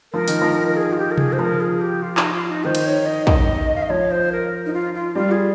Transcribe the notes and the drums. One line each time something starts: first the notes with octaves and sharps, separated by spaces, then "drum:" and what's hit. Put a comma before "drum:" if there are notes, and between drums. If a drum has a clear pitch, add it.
F3 A#4
D#3, drum: open hi-hat
F3
A#4
G#4
F4
G4
A#4
G#4, drum: tom C3
C5
F3 A#4
G#4
G4
F4
D#4, drum: clap
F4
D#4
D#3 C5
drum: cymbal
C#5
D#5
D#5, drum: kick
F5
D#5
F3 C#5
C5
A#4
D#4
F4
F4
G3 F4
G#4